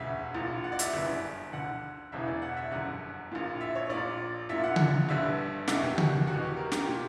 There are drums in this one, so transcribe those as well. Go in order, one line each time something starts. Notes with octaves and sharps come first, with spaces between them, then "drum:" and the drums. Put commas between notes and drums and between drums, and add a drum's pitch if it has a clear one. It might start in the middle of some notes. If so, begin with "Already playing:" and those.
Already playing: E1 D2 C#3 E3 E5
A#1 A#2
F#5
D5
E5, drum: hi-hat
G1 F#2 C#3 E3 E5
D2 D3 F#5
E1 E2 C#3 E3 E5
D5
F#5
E5
G1 F#2 D3 F#5
A#1 A#2
E5
C#5
A#1 A#2 D5
A#1 A#2 E5
F#5
drum: tom C#3
G1 G2 D3 E5
F#1 E2 B2 E5, drum: snare
G4
F#4, drum: tom C#3
G4
E1 E2 B2 F#4
G4
A#4
G4, drum: snare
A#2 G4